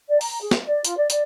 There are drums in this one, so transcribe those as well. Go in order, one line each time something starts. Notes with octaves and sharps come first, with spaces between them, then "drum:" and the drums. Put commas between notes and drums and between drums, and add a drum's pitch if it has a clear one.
D5
A#5, drum: open hi-hat
G#4
drum: snare
D5
F4, drum: hi-hat
D5
D5, drum: hi-hat